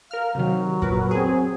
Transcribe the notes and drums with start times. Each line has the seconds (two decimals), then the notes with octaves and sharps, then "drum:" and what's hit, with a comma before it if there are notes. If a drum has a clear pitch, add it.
0.11 A#4 F5 F6
0.35 C3 D#3 F#3
0.82 A#2 A#4 B4, drum: kick F#2
1.11 C4 G#4